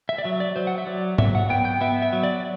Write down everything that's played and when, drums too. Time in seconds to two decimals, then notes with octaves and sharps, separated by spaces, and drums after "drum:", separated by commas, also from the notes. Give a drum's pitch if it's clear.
0.09 E5
0.18 D5
0.24 F#3 E5
0.40 D5
0.56 F#3 C5
0.67 F#5
0.78 E5
0.87 F#3 D5
1.18 F#3 E5, drum: tom G#2
1.35 F#5
1.49 B3 G5
1.65 G5
1.81 B3 E5
2.02 E5
2.13 F#3
2.23 D5